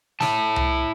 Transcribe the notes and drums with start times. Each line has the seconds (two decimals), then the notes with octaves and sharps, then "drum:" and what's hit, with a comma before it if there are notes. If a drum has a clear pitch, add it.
0.20 E4 A5, drum: snare
0.56 drum: tom C2